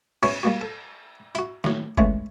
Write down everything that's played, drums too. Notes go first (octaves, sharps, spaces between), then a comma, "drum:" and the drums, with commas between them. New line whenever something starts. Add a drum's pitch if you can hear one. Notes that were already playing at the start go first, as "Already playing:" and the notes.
B3 C#4 E4 F#4 C#5, drum: cymbal
G3 A#3 F#4
A4
E4 F#4, drum: hi-hat
A2 F#3, drum: snare
E3 G#3 A3 B3 C#4, drum: kick